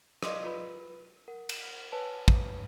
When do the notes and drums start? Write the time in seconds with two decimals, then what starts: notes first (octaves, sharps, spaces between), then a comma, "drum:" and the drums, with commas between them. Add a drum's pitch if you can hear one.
0.23 D5 D#5 F5 C6 D6 D#6, drum: rim click
0.44 F4 B4 B5
1.28 A#4 F#5
1.49 drum: cymbal
1.92 B4 C#5 G#5 A5
2.28 drum: kick